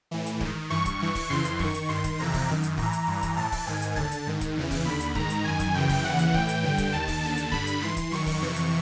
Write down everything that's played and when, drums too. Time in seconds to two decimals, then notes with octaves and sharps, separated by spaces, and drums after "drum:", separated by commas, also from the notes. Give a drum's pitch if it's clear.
0.11 A2 E3
0.26 drum: hi-hat
0.40 G#2 D#3, drum: kick D1
0.70 G2 E3 C#6
0.85 drum: kick D1, hi-hat
1.00 G2 E3
1.15 drum: kick D1, open hi-hat
1.29 F2 C#3 E3 C6
1.45 drum: hi-hat
1.59 F#2 D#3 C#6, drum: kick D1
1.74 drum: hi-hat
1.89 G2 D#3 C6
2.04 drum: kick D1, hi-hat
2.19 F2 C3 E3 A#5
2.34 drum: kick D1, open hi-hat
2.49 F#2 D#3
2.63 drum: hi-hat
2.77 A2 E3 A#5, drum: kick D1
2.93 drum: hi-hat
3.07 G2 E3
3.22 drum: kick D1, hi-hat
3.37 A2 E3 A5
3.52 drum: kick D1, open hi-hat
3.67 G#2 D#3 G#5
3.82 drum: hi-hat
3.96 D#2 D3 A5, drum: kick D1
4.11 drum: hi-hat
4.27 G#2 D#3
4.41 drum: kick D1, hi-hat
4.56 E2 C#3 E3
4.71 drum: kick D1, open hi-hat
4.85 D#2 D3 B5
5.00 drum: hi-hat
5.15 G#2 D#3 A#5, drum: kick D1
5.30 drum: hi-hat
5.44 F#2 D#3 G#5
5.60 drum: kick D1, hi-hat
5.75 F#2 C#3 E3 G5
5.89 drum: kick D1, open hi-hat
6.04 D#2 C#3 E3 F#5
6.19 drum: hi-hat
6.34 A2 E3 G5, drum: kick D1
6.48 drum: hi-hat
6.63 G2 D3
6.78 drum: kick D1, hi-hat
6.93 D#2 D#3 A5
7.08 drum: kick D1, open hi-hat
7.22 D#2 D3
7.37 drum: hi-hat
7.52 G2 D3 B5, drum: kick D1
7.67 drum: hi-hat
7.81 G#2 E3 C6
7.97 drum: kick D1, hi-hat
8.11 F#2 D#3 C#6
8.26 drum: kick D1, open hi-hat
8.41 F2 C3 E3
8.56 drum: hi-hat